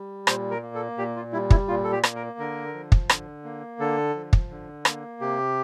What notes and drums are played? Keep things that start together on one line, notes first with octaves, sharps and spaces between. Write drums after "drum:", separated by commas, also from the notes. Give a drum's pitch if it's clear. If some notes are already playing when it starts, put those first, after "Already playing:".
Already playing: G3
A#2 C5, drum: rim click
A#4
A#3
A4
A#2 G4
F4
G3 E4
E4, drum: kick
A#2 F4
A4
G4
A#3, drum: rim click
A#4
D3 A#4
F3
drum: kick
D3, drum: rim click
A#3
D3 A4
F3
drum: kick
D3
A#3, drum: rim click
C3 G4